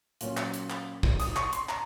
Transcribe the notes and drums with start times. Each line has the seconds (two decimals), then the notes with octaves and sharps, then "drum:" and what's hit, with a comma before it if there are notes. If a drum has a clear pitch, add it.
0.21 A#2 F#3 C#4 F4, drum: hi-hat
0.37 drum: clap
0.54 drum: hi-hat
0.70 drum: clap
1.03 drum: kick
1.20 D#6, drum: hi-hat
1.36 C#6, drum: clap
1.53 C6, drum: hi-hat
1.69 A#5, drum: clap